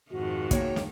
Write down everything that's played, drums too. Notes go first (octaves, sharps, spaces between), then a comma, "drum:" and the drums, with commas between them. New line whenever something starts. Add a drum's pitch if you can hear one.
F2 G#2 D#3 F#4
A#3 C#5 G5, drum: kick, hi-hat
drum: snare